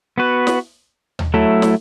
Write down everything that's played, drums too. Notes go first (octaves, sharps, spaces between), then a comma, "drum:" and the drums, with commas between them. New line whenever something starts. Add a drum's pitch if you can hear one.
B3 F#4 B4
drum: snare
drum: tom D#2
F#3 A3 E4 A4
drum: snare